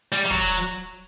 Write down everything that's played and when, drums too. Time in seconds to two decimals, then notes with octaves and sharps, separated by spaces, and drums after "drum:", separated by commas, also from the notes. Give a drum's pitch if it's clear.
0.12 G3
0.26 G3
0.30 F#3, drum: kick